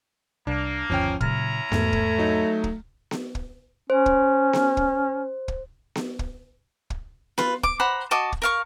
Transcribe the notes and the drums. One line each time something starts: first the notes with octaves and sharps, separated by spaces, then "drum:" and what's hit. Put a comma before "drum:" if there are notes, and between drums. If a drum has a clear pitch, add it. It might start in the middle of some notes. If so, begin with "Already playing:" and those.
C2 A#3 D4
G1 D#2 F3 C#4 G5
A#2 C#3 F#3 C#4 E4 A#5 F6, drum: kick
E2 G#2 A3, drum: snare B3
drum: kick
F#3 D#4
drum: kick
drum: snare B3
drum: kick
C#4 C5
drum: kick
drum: snare B3
drum: kick
drum: kick
drum: snare B3
drum: kick
drum: kick
F4 B4, drum: snare B3
D6, drum: kick
C5 F#5 A#5 B5
F#4 D#5 A5 D6
drum: kick
A#4 F5 C#6